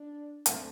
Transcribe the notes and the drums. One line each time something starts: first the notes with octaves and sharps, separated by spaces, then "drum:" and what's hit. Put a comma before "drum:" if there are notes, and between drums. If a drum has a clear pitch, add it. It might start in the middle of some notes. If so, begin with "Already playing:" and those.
Already playing: D4
D2 D3 A3 C4, drum: hi-hat